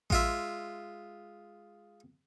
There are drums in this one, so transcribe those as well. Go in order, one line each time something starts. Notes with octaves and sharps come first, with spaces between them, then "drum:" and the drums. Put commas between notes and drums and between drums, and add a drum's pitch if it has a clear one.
G#3 F4 E5, drum: kick A1